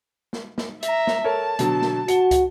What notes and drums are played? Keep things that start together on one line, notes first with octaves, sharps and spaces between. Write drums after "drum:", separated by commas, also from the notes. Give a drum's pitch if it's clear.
drum: snare
drum: snare
E5 A#5, drum: hi-hat
drum: snare
A4 A#4 C#5 A5
B2 D3 F#3, drum: hi-hat
drum: snare
F#4 C#7 G7, drum: hi-hat
drum: kick, hi-hat